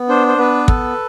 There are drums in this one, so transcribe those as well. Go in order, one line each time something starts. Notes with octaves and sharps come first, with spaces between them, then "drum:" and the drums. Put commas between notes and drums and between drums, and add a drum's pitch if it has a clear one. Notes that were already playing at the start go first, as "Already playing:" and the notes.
Already playing: B3
D4 C5
C5
B3 B4
A4, drum: kick